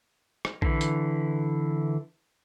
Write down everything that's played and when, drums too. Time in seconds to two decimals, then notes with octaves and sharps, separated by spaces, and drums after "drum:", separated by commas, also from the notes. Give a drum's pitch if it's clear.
0.45 drum: rim click
0.62 D3 E3, drum: kick A#1
0.81 drum: hi-hat